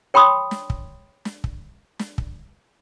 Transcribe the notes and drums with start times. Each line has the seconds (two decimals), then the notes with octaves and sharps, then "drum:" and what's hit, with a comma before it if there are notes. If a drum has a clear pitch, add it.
0.14 C#5 G5 B5 C6 D#6
0.51 drum: snare
0.70 drum: kick
1.25 drum: snare
1.44 drum: kick
1.99 drum: snare
2.18 drum: kick